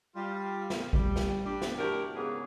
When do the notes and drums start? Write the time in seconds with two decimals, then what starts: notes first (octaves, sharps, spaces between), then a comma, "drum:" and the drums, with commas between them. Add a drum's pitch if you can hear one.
0.16 G3 F4
0.70 drum: snare
0.93 G3, drum: kick G#1
1.16 drum: snare
1.45 G3 D4
1.62 drum: snare
1.78 F#3 D4 E4 F#4 G4 A#4
2.15 G#2 C#3 A#3 B3 G#4 C#5